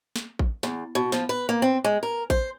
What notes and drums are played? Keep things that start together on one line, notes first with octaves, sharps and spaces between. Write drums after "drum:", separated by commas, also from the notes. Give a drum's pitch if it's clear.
drum: snare
drum: kick A1
E2, drum: snare
B2
F3, drum: snare
B4
A#3
C4
G#3
A#4
C5, drum: kick A1